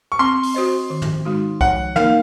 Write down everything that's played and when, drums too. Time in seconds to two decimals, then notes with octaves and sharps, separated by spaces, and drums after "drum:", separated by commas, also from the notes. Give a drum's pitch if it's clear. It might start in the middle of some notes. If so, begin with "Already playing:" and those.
0.12 C#6
0.19 C4 C6
0.43 drum: open hi-hat
0.54 F#4 C5 D#5
0.90 D#3
1.02 drum: tom
1.25 G#3 D#4 F#4
1.61 F3 F#5, drum: kick C2
1.96 A#3 D#4 A#4 F5, drum: tom